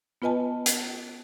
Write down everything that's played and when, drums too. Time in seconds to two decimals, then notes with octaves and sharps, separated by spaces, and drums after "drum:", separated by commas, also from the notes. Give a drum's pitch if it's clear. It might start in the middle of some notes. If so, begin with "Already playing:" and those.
0.22 B3 F4 B4 D#5 G#5 A5
0.66 drum: hi-hat